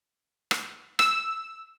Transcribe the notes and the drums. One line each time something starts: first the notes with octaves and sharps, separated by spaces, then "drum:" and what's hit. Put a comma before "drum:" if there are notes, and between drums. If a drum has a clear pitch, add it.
drum: rim click
E6, drum: rim click